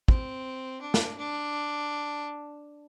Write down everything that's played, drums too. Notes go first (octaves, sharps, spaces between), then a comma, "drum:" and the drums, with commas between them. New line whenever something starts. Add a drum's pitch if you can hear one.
C4, drum: kick
D4
drum: snare
D4